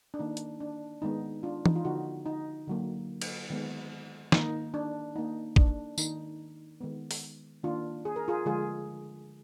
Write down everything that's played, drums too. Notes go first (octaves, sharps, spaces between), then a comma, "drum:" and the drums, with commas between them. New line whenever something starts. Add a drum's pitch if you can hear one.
D4
D#3 A#3 D#4
drum: hi-hat
D4
D#3 G#3 B3 D#4
D4 F4
D#4, drum: tom E3
F4
D3 F3 B3 D#4 F#4
D#4
D3 F#3 A#3
drum: cymbal
D#3 G#3 B3
D#3 A#3 D#4, drum: snare
D4
D#3 A#3 D#4
D4, drum: kick
D#3 A#3 D#4, drum: tambourine
D#3 G#3 B3
drum: open hi-hat
D#3 A#3 D4 F4
G#4
A#4
F4 G#4
D3 F3 G#3 F4 G#4